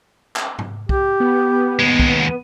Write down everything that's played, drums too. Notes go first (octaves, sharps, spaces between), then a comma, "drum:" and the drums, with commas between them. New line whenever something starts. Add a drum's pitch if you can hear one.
drum: clap
drum: tom G#2
G4, drum: kick
B3
D#2 G#3
drum: kick